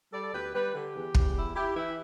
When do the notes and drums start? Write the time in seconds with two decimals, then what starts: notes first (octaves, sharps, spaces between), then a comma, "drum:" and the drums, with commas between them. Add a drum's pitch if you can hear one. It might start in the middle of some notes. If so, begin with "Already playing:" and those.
0.12 G3 A4 D5
0.23 A4
0.33 D2 G4 B4
0.53 G3 G4 B4
0.74 D3 G4
0.94 E2
1.14 E2, drum: kick
1.35 E4
1.55 E4 G4
1.75 E3 E4